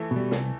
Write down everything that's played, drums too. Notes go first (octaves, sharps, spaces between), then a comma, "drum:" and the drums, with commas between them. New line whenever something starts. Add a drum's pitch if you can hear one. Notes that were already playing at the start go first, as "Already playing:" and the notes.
Already playing: E3 A3
B2
G3
C2, drum: snare